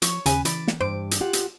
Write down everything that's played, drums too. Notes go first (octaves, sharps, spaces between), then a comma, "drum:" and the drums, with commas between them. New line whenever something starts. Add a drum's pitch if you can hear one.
F3 C#5 C#6, drum: hi-hat
D#2 C#3 B4 G#5, drum: hi-hat
E3 D5 B5, drum: hi-hat
drum: snare
G2 C5 D6
drum: hi-hat
F4 G4 F#5
drum: hi-hat